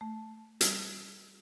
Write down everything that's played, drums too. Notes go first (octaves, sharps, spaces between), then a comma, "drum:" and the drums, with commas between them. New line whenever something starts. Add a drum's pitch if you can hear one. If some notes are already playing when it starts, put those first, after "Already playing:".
A3
G3, drum: hi-hat